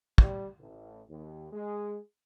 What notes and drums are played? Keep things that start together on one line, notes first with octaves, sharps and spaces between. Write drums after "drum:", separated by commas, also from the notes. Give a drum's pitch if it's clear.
G3, drum: kick
A1
D#2
G#3